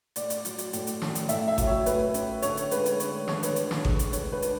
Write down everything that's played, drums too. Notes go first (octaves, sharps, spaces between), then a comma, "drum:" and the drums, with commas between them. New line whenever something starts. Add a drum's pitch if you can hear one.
A2 D5, drum: hi-hat
drum: hi-hat
F#3, drum: hi-hat
drum: hi-hat
A2, drum: hi-hat
drum: hi-hat
C#4, drum: snare
drum: hi-hat
A2 E5, drum: hi-hat
E5
F#3, drum: kick G#1, hi-hat
C#5
A2 B4, drum: hi-hat
C#4, drum: hi-hat
D3 C#5, drum: hi-hat
drum: hi-hat
G#3 B4, drum: hi-hat
drum: hi-hat
D3 C#5, drum: hi-hat
D4 C#5, drum: snare
B4, drum: hi-hat
D3, drum: hi-hat
drum: snare
G#3, drum: kick G#1
drum: hi-hat
D3 C#5, drum: hi-hat
B4
D4, drum: hi-hat